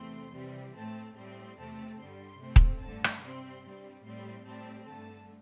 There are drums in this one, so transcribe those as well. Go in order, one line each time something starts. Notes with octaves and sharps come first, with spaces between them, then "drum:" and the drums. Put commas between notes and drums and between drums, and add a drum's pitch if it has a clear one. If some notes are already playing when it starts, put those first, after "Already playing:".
Already playing: E2 C3 E3 A3 C4 C6
C3 E3 G3 C4
A2 A3 C4 A5
A2 G3 C4 C6
E2 C3 A3 C4 A5
G2 D3 G3 C6
C3 A3 C4
drum: kick D#1
G2 D3 A3 A5
drum: rim click
C3 G3 C4 C6
G2 G3 C4
A2 G3 C4 C6
A2 G3 C4 A5
G2 D3 A3 A5